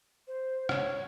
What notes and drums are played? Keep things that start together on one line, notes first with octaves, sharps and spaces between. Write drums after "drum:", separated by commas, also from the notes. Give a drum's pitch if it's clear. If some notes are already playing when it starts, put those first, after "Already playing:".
C5
C#5, drum: rim click